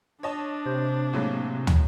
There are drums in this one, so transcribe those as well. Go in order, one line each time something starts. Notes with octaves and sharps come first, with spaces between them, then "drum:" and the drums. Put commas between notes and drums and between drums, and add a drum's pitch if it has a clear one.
D4 C#5 D#5 A5
C3 C5
A2 F#3 G#3 A#3
drum: tom